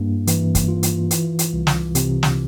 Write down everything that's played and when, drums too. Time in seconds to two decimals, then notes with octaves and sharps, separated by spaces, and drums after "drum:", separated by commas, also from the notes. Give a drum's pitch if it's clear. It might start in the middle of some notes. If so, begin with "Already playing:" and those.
Already playing: G2 A#3
0.27 E3, drum: hi-hat
0.55 drum: kick, hi-hat
0.68 F4
0.83 drum: hi-hat
1.11 E3, drum: hi-hat
1.39 drum: hi-hat
1.53 C2
1.67 drum: snare
1.95 C3, drum: hi-hat
2.23 drum: snare